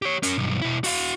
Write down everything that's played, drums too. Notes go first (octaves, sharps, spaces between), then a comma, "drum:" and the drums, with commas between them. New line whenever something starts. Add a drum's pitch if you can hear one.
G4 C#5
C#4 A#4, drum: hi-hat
B1 G2
B2 E4
F#4 F5, drum: open hi-hat